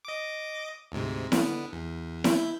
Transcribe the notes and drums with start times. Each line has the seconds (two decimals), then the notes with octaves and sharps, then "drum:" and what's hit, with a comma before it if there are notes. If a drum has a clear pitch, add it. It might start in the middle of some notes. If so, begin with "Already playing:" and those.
0.05 D#5 D6
0.92 D2 G#2 C3
1.32 D3 B3, drum: snare E4
1.73 E2
2.24 E4 G6, drum: snare E4